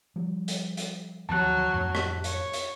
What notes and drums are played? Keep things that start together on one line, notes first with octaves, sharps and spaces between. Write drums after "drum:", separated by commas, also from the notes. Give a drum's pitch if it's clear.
F3 G3
drum: hi-hat
drum: hi-hat
D2 D#3 F3 F#3 A5 F#6
F2 A2
drum: rim click
C#5, drum: hi-hat
drum: hi-hat